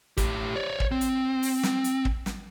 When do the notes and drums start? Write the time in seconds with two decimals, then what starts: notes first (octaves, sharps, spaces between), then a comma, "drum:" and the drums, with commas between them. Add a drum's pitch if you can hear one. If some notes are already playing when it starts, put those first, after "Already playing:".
0.17 A2 G4, drum: kick, hi-hat
0.56 C#5 D5
0.80 drum: kick
0.91 C4
1.01 drum: hi-hat
1.43 drum: open hi-hat
1.63 drum: snare
1.84 drum: hi-hat
2.05 drum: kick
2.26 drum: snare